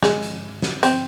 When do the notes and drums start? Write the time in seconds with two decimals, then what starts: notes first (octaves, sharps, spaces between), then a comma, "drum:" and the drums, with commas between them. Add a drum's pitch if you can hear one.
0.03 G#3, drum: snare
0.22 drum: hi-hat
0.62 drum: snare
0.83 C4, drum: hi-hat